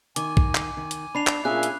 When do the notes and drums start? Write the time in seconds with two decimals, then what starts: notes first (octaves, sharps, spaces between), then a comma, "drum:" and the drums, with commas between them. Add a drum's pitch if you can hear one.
0.16 D#3 G#5 D6, drum: hi-hat
0.37 drum: kick
0.55 drum: clap
0.77 D#3
0.91 drum: hi-hat
1.15 D4 B5 C7 F7
1.27 drum: clap
1.45 A#2 C#4 G#4 E5 F5 F#6
1.63 drum: hi-hat